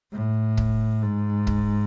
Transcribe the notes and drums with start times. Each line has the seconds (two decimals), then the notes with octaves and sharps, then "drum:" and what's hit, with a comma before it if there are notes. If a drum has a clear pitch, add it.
0.12 A2
0.57 drum: kick
1.02 G#2
1.47 drum: kick